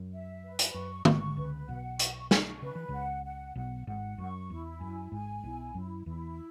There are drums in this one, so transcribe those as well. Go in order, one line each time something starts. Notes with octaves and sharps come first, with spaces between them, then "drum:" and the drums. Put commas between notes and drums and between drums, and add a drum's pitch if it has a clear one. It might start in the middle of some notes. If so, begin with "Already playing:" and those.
Already playing: F#2
E5
B4
drum: hi-hat
F#2 C#6
G#1 G#2 C#6, drum: tom D3
C#2 C#3 B4
B1 B2 F#5
C#6, drum: hi-hat
C#6, drum: snare
C#3 B4
E3
C#2 C#3 F#5
F#5
B1 B2 F#5
G#1 G#2 F#5
F#2 C#6
E2 E4
F#2 G#5
G#1 G#2 G#5
B1 B2 E4
F#2 F#3 E4
E2 E3 E4